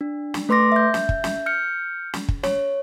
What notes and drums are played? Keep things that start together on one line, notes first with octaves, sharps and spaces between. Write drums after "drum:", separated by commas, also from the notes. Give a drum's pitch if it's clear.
D4
drum: snare
A3 B4 C6 D6 A#6
E5 G6
drum: snare
drum: kick
drum: snare
F6 G6 C#7
drum: snare
drum: kick
C#5, drum: snare